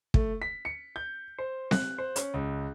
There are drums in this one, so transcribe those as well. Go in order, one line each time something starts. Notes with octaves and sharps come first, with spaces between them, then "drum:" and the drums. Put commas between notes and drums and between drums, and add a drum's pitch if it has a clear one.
A3, drum: kick
B6
C#7
G6
C5
F#6, drum: snare C4
C5
C#4, drum: hi-hat
C#2